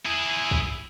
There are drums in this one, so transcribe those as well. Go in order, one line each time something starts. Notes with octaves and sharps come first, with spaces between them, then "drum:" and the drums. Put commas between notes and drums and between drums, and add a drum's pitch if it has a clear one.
E4 G#4
drum: kick